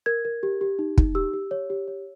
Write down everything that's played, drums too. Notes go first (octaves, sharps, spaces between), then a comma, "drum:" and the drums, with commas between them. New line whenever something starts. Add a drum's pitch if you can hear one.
A#4 G#6
A#4
G4
G4
D#4
D#4, drum: kick
G4 E6
G4
C#5
G4
C#5